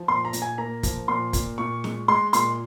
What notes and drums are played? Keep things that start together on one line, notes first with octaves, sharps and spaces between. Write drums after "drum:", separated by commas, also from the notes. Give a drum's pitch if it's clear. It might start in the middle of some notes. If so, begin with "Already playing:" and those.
Already playing: F3
A#2 C6
A#5
A#2, drum: hi-hat
G#5
A#3 A#5
F3, drum: kick, hi-hat
A#2 C6
A#2, drum: kick, hi-hat
A#2 C#6
G#3, drum: snare
G#3 C6
A#2 C6, drum: hi-hat